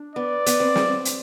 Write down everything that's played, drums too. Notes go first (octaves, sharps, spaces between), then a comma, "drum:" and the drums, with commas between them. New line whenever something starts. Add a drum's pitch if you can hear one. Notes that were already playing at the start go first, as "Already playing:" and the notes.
Already playing: D4
B3 D5
B3, drum: hi-hat
C4
drum: snare
drum: hi-hat